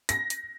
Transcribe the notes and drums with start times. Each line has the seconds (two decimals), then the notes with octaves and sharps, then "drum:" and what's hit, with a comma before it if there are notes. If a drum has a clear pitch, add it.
0.09 A#6, drum: hi-hat
0.30 drum: hi-hat